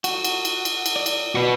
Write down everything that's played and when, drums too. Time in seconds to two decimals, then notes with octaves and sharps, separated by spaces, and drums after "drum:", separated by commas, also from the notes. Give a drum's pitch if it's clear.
0.04 F#4, drum: cymbal
0.24 drum: cymbal
0.45 drum: cymbal
0.65 drum: cymbal
0.86 drum: cymbal
0.96 D5
1.06 drum: cymbal
1.35 F#4 B4